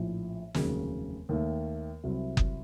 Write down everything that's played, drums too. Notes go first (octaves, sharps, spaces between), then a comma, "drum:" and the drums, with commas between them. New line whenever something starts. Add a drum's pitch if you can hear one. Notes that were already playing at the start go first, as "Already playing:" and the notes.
Already playing: A#1 A2 F3
F1 D#2 C#3 F#3, drum: snare
D#2 D#3 A3
C2 C3 F#3
drum: kick F#1